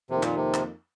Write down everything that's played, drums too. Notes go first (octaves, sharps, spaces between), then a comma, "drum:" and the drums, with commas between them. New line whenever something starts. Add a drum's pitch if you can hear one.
F2 C3 D#3 A#3 D#4 A#4
A#2, drum: clap
C3
drum: clap